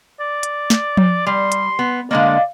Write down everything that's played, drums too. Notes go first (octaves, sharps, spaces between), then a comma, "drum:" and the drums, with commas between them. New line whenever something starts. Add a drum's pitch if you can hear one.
D5
drum: hi-hat
drum: snare
drum: tom F3
G3 C6
drum: hi-hat
B3
D3 G#3 A#3 D5 D#5 F5